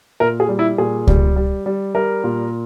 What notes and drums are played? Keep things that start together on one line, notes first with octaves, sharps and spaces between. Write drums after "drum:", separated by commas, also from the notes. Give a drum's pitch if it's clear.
A#2 A#4
G#4
G3
E4
A#2 G#4
G3, drum: kick C#2
G3
G3
G3 A#4
A#2